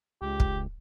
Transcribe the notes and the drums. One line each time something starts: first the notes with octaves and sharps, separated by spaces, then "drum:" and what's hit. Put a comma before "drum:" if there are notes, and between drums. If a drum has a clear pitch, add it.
C#2 G4
drum: kick